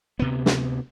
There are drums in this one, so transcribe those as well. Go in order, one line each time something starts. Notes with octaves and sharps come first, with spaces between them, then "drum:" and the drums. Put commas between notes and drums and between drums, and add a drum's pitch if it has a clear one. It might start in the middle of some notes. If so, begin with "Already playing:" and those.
D2 C3 B3
drum: snare